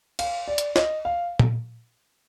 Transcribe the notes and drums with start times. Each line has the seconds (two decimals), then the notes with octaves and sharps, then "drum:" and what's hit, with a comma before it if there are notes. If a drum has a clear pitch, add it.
0.19 F5, drum: cymbal
0.48 D5
0.58 drum: hi-hat
0.76 D#5, drum: snare
1.05 F5
1.39 drum: tom A#2